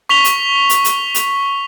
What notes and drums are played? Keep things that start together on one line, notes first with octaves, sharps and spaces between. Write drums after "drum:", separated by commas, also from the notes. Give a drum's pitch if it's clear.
C#6 B6 F7 G7
drum: hi-hat
drum: hi-hat
drum: hi-hat
drum: hi-hat